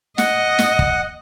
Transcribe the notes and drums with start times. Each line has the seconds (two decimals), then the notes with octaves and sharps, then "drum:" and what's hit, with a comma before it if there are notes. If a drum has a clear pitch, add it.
0.18 D#5 F#5, drum: snare
0.59 drum: snare
0.79 drum: kick